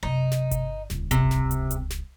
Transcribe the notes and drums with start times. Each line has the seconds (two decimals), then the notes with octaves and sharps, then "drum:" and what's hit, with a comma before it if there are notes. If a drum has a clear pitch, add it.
0.03 F#1 C3 D#4
0.31 drum: snare
0.51 drum: kick G1, hi-hat
0.90 D#1 C#2, drum: snare
1.11 C3, drum: kick G1, hi-hat
1.31 drum: snare
1.51 drum: hi-hat
1.71 drum: hi-hat
1.90 drum: snare